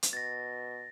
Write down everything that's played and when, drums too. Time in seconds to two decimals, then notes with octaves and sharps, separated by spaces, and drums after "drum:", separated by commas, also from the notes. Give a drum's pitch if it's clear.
0.03 drum: hi-hat
0.13 B2 A6 A#6